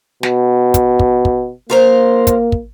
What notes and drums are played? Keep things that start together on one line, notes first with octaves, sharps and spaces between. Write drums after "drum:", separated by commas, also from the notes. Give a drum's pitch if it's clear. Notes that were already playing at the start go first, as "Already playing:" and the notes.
B2, drum: snare
drum: kick, hi-hat
drum: kick
drum: kick
A#3 F4 A#4 C5
drum: kick, hi-hat
drum: kick